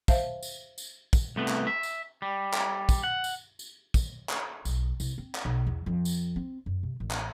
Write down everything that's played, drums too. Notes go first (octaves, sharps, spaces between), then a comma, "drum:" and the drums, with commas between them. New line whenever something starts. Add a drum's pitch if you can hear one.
C5 E5 F5 A5, drum: kick, tambourine
drum: tambourine
drum: tambourine
drum: kick, tambourine
C2 A3 B3
drum: clap
E5
drum: tambourine
G3
drum: clap
drum: kick, tambourine
F#5
drum: tambourine
drum: tambourine
drum: kick, tambourine
drum: clap
B1, drum: tambourine
C2, drum: tambourine
C4
drum: clap
B1
E2
F2
drum: tambourine
C4
F#2
C3
A1
drum: clap